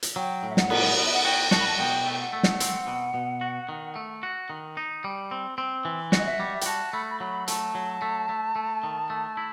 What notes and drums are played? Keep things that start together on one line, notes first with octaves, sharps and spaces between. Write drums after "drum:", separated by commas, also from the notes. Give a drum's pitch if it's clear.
drum: hi-hat
F#3 G5
A2
E5
F#5, drum: snare
B3, drum: cymbal
B3 F#5
E5
F#5
F#4 G5
F#4 A5, drum: snare
B5
A5
B2 G5
A3
G5
F#5
A3
drum: snare
C4, drum: hi-hat
B2
B2
F#4
D#3
A3
F#4
D#3
D#4
G3
C4
C4
E3
F#4, drum: snare
D#5
E5
G3
G5, drum: hi-hat
F#4 A5
A3 B5
B5
F#3 B5
A3 A5, drum: hi-hat
F#3
A3
A3
A3
D#3
A3
E4